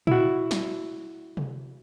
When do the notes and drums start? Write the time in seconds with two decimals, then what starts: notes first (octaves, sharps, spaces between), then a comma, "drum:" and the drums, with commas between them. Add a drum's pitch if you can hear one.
0.07 E4 F#4, drum: tom A#2
0.51 drum: snare
1.37 drum: tom C3